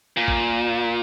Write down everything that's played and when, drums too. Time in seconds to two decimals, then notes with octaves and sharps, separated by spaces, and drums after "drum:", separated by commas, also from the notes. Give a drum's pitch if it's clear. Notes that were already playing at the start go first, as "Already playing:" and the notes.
0.17 A#2
0.28 drum: kick A#1